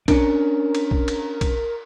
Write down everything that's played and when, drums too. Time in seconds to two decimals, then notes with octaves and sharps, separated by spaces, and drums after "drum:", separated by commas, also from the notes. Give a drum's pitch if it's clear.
0.08 C#4 D4 A#4, drum: kick, cymbal
0.75 drum: cymbal
0.91 drum: kick
1.08 drum: cymbal
1.41 drum: kick, cymbal